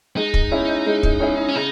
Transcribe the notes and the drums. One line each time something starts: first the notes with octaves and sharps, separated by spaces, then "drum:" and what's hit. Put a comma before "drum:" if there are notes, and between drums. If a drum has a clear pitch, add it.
G#3 D#4
drum: kick
C#4 E4 G#4
G#3
drum: kick
C#4 E4 G#4
C#4
C#3 D#4